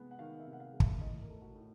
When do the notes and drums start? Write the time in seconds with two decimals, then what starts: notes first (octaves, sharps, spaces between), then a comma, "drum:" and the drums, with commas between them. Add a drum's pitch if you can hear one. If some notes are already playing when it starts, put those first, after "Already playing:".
Already playing: C3 G#3 B3
0.11 F#5
0.19 D#3 F5
0.39 E5
0.46 C3
0.53 F#5
0.60 F5
0.73 G#3
0.80 E5, drum: kick
1.01 A2 D#5
1.22 A#4
1.29 A3
1.42 F#4
1.55 A2